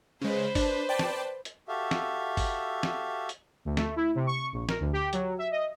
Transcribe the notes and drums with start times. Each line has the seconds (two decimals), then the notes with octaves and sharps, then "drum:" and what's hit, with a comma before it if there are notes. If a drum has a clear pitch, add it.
0.21 C#3 G#3 B4 C5
0.55 D4, drum: kick, open hi-hat
0.89 D5 G5 A5
0.99 drum: snare
1.45 drum: hi-hat
1.68 F#4 G4 A4 E5 F5
1.91 drum: snare
2.37 drum: kick, open hi-hat
2.83 drum: snare
3.29 drum: hi-hat
3.65 D2
3.77 A3, drum: snare
3.96 E4
4.15 C3
4.27 C#6
4.53 A#1
4.69 A#4, drum: snare
4.80 D2
4.93 G4
5.13 F#3, drum: hi-hat
5.38 E5
5.51 D#5